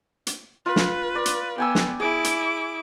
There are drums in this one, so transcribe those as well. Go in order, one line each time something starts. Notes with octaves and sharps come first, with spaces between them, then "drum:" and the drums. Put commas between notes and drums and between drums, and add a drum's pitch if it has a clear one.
drum: hi-hat
F4 B4
drum: snare
D5
drum: hi-hat
B3 G5 G#5 E6
drum: snare
E4 G#4 D6
drum: hi-hat